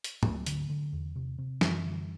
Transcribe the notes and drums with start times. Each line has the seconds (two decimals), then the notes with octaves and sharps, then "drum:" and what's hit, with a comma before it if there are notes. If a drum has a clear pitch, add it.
0.04 drum: hi-hat
0.23 D2 F#3 A3, drum: tom
0.46 D3, drum: hi-hat
0.70 D3
0.93 E2
1.16 C3
1.38 C3
1.61 F#2 E3 G3, drum: snare
1.85 D3